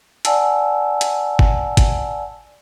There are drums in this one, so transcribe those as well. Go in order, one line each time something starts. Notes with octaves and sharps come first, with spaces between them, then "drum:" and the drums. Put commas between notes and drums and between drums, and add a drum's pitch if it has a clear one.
D5 F#5 G#5 A5 E6, drum: hi-hat
drum: hi-hat
drum: kick
drum: kick, hi-hat